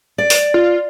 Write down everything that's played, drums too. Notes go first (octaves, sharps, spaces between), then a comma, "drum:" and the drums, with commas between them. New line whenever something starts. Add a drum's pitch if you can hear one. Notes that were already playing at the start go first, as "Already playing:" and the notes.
D5
drum: open hi-hat
F4